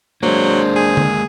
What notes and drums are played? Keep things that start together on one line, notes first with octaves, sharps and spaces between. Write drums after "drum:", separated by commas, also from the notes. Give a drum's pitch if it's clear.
F#3 G#3 A#3 D4 C5
G#4
drum: tom D3